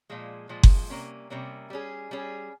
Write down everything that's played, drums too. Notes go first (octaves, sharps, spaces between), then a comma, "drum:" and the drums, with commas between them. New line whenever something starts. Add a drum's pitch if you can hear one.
A#2 F3 G#3
A#2 F3 G#3
drum: kick F#1
C3 G3 A#3 C#4
C3 G3 A#3 C#4
G3 C#4 G#4
G3 C#4 G#4